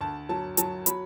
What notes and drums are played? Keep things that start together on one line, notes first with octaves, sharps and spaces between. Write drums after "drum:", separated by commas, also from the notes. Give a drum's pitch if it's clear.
D2 A5
F#3 A5
F#3 A5, drum: hi-hat
F#3 B5, drum: hi-hat